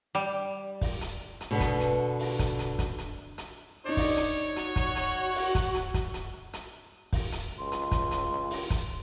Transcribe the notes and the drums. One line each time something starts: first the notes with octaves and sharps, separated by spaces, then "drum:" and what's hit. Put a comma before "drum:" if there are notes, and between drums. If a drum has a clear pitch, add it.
G3
drum: kick, open hi-hat
drum: hi-hat
drum: hi-hat
B2 D3 B3
drum: kick, hi-hat
drum: hi-hat
drum: open hi-hat
drum: kick, hi-hat
drum: hi-hat
drum: kick, hi-hat
drum: hi-hat
drum: hi-hat
D4 D#4 C#5 D5
drum: kick, open hi-hat
drum: hi-hat
F#4, drum: hi-hat
drum: kick, hi-hat
drum: hi-hat
drum: open hi-hat
drum: kick, hi-hat
drum: hi-hat
drum: kick, hi-hat
drum: hi-hat
drum: hi-hat
drum: kick, open hi-hat
drum: hi-hat
C#2 C6
drum: hi-hat
drum: kick, hi-hat
drum: hi-hat
drum: open hi-hat
drum: kick, hi-hat